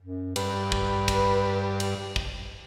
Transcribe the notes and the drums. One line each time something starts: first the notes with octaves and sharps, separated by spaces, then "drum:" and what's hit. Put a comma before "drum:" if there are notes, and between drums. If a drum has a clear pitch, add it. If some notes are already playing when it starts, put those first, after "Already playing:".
F#2
G2 B4, drum: cymbal
drum: kick
drum: kick, cymbal
drum: cymbal
drum: kick